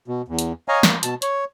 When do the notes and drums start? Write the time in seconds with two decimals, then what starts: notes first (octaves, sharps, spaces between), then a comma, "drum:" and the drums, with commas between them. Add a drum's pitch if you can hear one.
0.08 B2
0.28 E2
0.39 drum: hi-hat
0.68 C#5 D#5 F5 G#5 A#5
0.83 A#3, drum: snare
1.03 B2 A5, drum: hi-hat
1.22 C#5, drum: hi-hat